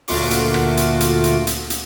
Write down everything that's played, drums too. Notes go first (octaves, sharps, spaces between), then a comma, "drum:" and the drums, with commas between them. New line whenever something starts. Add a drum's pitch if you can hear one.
D2 A#2 A3 F4 F#4 D6, drum: open hi-hat
drum: hi-hat
drum: rim click
drum: hi-hat
drum: hi-hat
drum: hi-hat
drum: hi-hat
drum: hi-hat